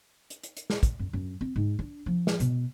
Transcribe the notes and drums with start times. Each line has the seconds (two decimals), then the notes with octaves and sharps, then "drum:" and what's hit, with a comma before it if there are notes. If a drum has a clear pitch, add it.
0.30 drum: hi-hat
0.43 drum: hi-hat
0.57 drum: hi-hat
0.70 drum: snare
0.83 drum: kick, hi-hat
0.99 F#2
1.13 F#2
1.41 C4
1.56 G#2
1.79 D4
2.06 F3
2.27 drum: snare
2.40 B2, drum: hi-hat